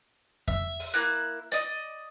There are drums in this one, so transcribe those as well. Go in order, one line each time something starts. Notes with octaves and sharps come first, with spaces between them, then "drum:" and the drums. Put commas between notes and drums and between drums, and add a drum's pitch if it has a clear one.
E5, drum: kick F2
drum: open hi-hat
A#3 E4 F#6
D5 D#5, drum: hi-hat